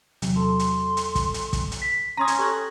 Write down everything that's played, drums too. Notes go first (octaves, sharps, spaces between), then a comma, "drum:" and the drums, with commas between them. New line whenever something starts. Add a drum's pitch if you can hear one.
E2 C3 F#3, drum: hi-hat
A4 C6
drum: hi-hat
drum: hi-hat
drum: kick, hi-hat
drum: hi-hat
drum: kick, hi-hat
drum: hi-hat
B6
C#4 A#5 C6 D#6 G#6 A#6
drum: hi-hat
G4 A4 F#6